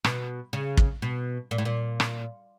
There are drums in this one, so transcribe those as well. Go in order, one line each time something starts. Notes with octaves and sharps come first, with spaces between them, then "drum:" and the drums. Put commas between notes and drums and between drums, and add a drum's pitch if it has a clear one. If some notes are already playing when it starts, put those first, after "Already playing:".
B2, drum: rim click
C#3
drum: kick
B2
A#2
A2
A#2
drum: rim click